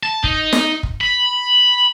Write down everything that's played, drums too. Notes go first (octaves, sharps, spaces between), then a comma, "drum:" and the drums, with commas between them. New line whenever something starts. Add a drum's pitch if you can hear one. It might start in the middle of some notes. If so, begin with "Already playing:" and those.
A5
D#4, drum: kick
drum: snare
drum: kick
B5